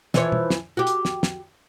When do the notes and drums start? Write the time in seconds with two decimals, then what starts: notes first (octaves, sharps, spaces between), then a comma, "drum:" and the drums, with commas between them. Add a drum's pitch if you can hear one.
0.14 E3 F3 C#5, drum: snare
0.32 drum: tom B2
0.50 drum: snare
0.77 F#4 G4
0.87 drum: hi-hat
1.05 drum: snare
1.23 drum: snare